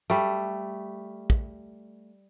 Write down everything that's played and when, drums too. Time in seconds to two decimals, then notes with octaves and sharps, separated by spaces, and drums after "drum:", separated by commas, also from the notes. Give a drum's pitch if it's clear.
0.10 G3 A3, drum: rim click
1.30 drum: kick